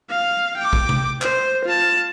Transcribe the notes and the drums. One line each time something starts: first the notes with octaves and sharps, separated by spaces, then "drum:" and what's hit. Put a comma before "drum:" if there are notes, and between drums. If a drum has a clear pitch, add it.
F5
G5 D6
drum: kick
drum: tom C3
C5, drum: clap
F4 A5